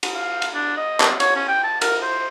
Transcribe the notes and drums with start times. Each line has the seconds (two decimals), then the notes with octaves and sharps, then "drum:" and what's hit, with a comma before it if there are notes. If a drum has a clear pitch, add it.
0.03 drum: cymbal
0.15 F5
0.42 drum: cymbal
0.55 D4
0.77 D#5
1.00 drum: clap
1.20 C#5, drum: cymbal
1.36 C#4
1.48 G5
1.64 A5
1.81 A#4, drum: cymbal
2.02 C5